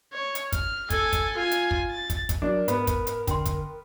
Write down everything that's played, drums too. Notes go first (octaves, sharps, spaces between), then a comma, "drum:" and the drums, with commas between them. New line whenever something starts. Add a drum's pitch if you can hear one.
C#5
drum: hi-hat
F6, drum: kick, hi-hat
A4 G#5, drum: kick, hi-hat
drum: kick, hi-hat
F4 G#5
drum: hi-hat
drum: kick
A6
drum: kick, hi-hat
drum: kick, hi-hat
F#3 D4 A#4
G#2 B3, drum: hi-hat
drum: kick, hi-hat
drum: hi-hat
D3 G5 C6, drum: kick, hi-hat
drum: kick, hi-hat